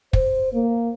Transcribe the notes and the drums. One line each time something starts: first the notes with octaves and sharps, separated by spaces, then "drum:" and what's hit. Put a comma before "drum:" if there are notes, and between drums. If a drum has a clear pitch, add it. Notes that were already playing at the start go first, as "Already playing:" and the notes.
C5, drum: kick
A#3